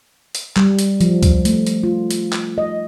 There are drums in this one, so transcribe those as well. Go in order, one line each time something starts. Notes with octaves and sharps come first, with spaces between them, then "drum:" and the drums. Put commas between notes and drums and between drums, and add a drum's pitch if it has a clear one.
drum: hi-hat
G3, drum: clap
drum: hi-hat
F3, drum: hi-hat
drum: kick C#2, hi-hat
A3, drum: hi-hat
drum: hi-hat
F4
drum: hi-hat
drum: clap
D#5